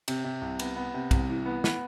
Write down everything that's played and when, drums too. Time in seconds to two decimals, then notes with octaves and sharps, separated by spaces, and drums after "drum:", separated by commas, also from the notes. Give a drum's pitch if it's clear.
0.08 C3, drum: cymbal
0.24 C3
0.41 C2
0.59 B3, drum: cymbal
0.76 B3
0.94 C3
1.11 C2, drum: kick, cymbal
1.29 E3
1.46 B3
1.64 B3, drum: snare